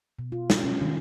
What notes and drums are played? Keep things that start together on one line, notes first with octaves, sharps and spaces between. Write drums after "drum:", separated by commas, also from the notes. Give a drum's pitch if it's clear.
B2
F4
G#3, drum: snare
C#4
D#3